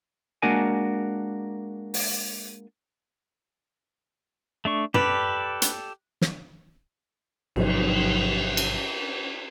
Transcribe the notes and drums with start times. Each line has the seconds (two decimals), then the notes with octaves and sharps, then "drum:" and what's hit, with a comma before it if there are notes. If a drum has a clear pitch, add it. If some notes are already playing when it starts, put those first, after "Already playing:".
0.42 G#3 A#3 D4 F#4 A#4 G#5
1.94 drum: open hi-hat
4.65 A3 D4 C#6
4.94 G4 A4 B4 D5, drum: tom
5.62 drum: hi-hat
6.21 drum: snare
7.56 A1 G#2 C3 F3 F#3 D#4, drum: cymbal
8.57 drum: cymbal